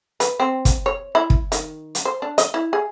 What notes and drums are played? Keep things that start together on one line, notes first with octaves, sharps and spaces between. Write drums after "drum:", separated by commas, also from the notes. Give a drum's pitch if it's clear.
B4, drum: hi-hat
C4
drum: kick, hi-hat
C#5
E4
drum: kick
D#3, drum: hi-hat
drum: hi-hat
C5
D4
D#5, drum: hi-hat
E4
G#4